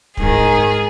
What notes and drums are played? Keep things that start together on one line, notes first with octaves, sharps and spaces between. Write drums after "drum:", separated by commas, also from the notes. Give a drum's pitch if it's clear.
G#2 D#3 G#4, drum: kick